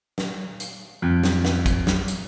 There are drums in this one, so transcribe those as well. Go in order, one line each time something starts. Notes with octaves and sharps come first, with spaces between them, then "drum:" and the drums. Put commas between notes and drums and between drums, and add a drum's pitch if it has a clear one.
drum: snare
drum: hi-hat
F2
drum: snare
drum: snare
drum: kick, hi-hat
drum: snare
drum: hi-hat